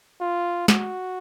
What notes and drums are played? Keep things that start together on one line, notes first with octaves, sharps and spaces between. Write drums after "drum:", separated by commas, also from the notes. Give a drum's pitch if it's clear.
F4
F#4, drum: snare